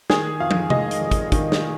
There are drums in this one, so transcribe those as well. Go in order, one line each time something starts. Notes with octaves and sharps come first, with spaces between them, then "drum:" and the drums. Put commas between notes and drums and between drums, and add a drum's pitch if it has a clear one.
D#3 G#4, drum: snare
F2 F5
drum: tom
G#3 D#5, drum: tom C3
drum: hi-hat
F1
drum: kick, hi-hat
D#3, drum: kick, hi-hat
drum: snare